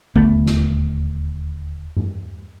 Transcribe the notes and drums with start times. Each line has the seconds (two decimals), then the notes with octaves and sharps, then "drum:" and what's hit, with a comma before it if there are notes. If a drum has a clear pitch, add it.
0.16 D#1 D2 A3 B3, drum: kick A1
0.46 drum: snare
1.96 drum: tom G2